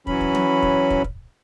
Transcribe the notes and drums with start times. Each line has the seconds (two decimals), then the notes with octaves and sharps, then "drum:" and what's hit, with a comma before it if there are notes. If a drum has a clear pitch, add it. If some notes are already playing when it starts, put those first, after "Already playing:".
0.07 E3 F#3 C#4 B5, drum: kick
0.21 drum: kick
0.35 drum: tom
0.63 drum: kick
0.90 drum: kick
1.04 drum: kick